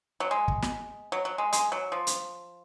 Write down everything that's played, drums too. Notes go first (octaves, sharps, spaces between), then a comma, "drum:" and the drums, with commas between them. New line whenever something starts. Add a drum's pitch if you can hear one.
F#3
G#3
drum: kick
drum: snare
F#3
F#3
G#3
G#3, drum: hi-hat
F#3
F3
drum: hi-hat